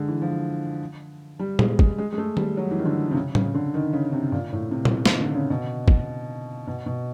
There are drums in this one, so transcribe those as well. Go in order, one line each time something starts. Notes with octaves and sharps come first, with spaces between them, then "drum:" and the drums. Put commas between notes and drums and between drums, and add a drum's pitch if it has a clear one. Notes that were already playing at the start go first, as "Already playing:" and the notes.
Already playing: D3 G#3
E3
F3
G3
G#3, drum: tom A#2
G#3, drum: kick
G#3
G#3
A3
G3, drum: tom D#3
F#3
E3
D#3
D3
C3
C#3
C#3, drum: tom A2
D3
D#3
C#3
C3
A#2
A2
C3
drum: tom A#2
D#3, drum: snare
D3
C#3
B2
drum: kick
B2
B2